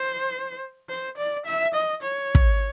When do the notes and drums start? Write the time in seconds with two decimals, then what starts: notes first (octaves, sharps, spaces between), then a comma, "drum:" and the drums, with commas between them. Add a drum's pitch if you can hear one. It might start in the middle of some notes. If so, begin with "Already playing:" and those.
Already playing: C5
0.89 C5
1.17 D5
1.46 E5
1.74 D#5
2.02 C#5
2.35 drum: kick